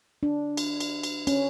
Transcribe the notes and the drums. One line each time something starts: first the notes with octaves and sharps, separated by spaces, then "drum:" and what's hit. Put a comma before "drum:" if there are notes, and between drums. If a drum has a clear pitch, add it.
D4
drum: cymbal
drum: cymbal
drum: cymbal
C#4, drum: cymbal